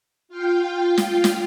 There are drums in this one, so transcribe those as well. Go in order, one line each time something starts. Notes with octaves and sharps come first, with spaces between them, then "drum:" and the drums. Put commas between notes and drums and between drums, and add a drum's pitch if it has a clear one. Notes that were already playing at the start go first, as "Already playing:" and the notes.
F4 F5 G5
drum: snare
drum: snare